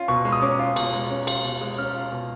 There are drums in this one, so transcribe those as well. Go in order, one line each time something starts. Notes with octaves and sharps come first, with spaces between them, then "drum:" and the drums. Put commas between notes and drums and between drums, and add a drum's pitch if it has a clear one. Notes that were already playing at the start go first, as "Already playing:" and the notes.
Already playing: C#4 F4
B2 C#6
G#3
D#6
C#4 D6
F4
B2, drum: cymbal
G#3
C#4
F4, drum: cymbal
B2
G#3
C#4 F6
F4
B2